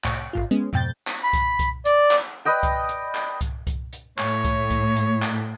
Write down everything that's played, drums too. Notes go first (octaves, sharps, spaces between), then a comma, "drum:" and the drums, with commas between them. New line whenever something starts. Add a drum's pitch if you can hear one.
C2 A2 C#6 D7, drum: clap
A1 G#2 F4
G#3 B3 C#4
F2 G#2 B2 G5 G6 A6
drum: clap
B5
drum: kick C2, hi-hat
drum: kick C2, hi-hat
D5, drum: hi-hat
drum: clap
B4 D5 D#5 G5
drum: kick C2, hi-hat
drum: hi-hat
drum: clap
drum: kick C2, hi-hat
drum: kick C2, hi-hat
drum: hi-hat
A2 C#5, drum: clap
drum: kick C2, hi-hat
drum: kick C2, hi-hat
drum: hi-hat
drum: clap